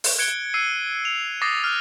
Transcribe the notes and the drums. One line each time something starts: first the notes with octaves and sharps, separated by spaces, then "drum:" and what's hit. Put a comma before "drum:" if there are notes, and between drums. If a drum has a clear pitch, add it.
drum: open hi-hat
F#6 G#6 C#7 D7 G7
E6 C7 D#7
F7
D6 D#6 A6 A#6 C7
F6 F#6